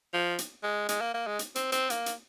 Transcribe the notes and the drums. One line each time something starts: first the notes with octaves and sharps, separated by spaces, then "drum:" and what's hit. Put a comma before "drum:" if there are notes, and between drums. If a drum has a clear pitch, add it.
F3
drum: hi-hat
G#3
G#3, drum: hi-hat
A#3
A#3
G#3
drum: hi-hat
C4, drum: hi-hat
C4, drum: hi-hat
A#3, drum: hi-hat
drum: hi-hat